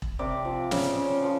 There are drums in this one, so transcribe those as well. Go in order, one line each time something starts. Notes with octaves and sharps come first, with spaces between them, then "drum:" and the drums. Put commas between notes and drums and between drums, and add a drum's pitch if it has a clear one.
drum: kick E1
C3 D5
F3
C#3, drum: snare
C#3
F3